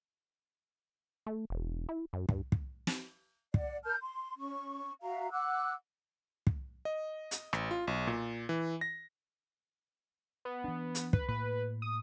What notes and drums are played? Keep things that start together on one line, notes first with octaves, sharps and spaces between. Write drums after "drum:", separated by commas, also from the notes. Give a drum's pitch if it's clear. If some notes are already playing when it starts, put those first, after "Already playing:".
A3
E1
E4
F#2
G2, drum: kick
drum: kick
drum: snare
D5 F#5, drum: kick
A#4 A5 F6 G6
C6
C#4 C#6
F#4 E5 F5 A#5
F#5 D6 E6 F#6
drum: kick
D#5
drum: hi-hat
A1, drum: rim click
F4
B1
A#2
E3
A#6
B3
E3 D4
drum: hi-hat
B4, drum: kick
A2 A#3 B4
D#6